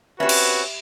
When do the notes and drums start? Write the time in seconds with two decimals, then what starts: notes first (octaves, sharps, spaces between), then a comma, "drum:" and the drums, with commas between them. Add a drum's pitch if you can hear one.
0.20 C4 C#4 F#4 G4 B4 E5
0.29 drum: cymbal